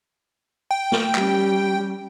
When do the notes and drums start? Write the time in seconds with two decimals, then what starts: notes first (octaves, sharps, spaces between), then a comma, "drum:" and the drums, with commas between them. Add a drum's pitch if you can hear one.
0.71 G5
0.92 drum: snare
1.15 G3 C#4, drum: clap